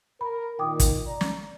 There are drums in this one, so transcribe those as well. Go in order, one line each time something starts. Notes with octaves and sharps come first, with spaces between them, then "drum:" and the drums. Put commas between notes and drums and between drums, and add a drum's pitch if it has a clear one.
A#4 B5
A#2 D#3 G5 D6 D#6
drum: kick, hi-hat
D5 A#5
drum: snare